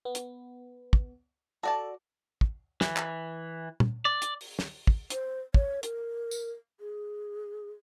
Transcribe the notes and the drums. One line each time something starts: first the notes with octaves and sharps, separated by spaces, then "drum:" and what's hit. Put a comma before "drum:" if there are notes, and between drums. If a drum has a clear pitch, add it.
B3
drum: hi-hat
drum: kick
F#4 A4 D5 A5
drum: kick
E3, drum: snare
drum: clap
drum: tom
D5
drum: hi-hat
drum: open hi-hat
drum: snare
drum: kick
C5, drum: hi-hat
C#5, drum: kick
A#4, drum: hi-hat
drum: tambourine
G#4